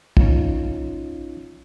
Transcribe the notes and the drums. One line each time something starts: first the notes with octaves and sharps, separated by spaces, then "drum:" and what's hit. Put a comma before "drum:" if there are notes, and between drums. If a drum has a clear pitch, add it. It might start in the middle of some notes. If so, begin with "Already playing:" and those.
C#4 D#4 F4, drum: kick